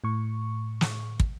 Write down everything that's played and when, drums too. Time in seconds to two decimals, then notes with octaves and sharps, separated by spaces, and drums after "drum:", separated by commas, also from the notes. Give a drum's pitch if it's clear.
0.04 A2 C#6
0.81 drum: snare
1.20 drum: kick